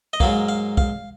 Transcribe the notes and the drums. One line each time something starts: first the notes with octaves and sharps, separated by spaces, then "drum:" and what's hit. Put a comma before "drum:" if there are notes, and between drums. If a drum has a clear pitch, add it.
D#5
G#2 F#3 A#3 F5, drum: kick
F5
F5, drum: kick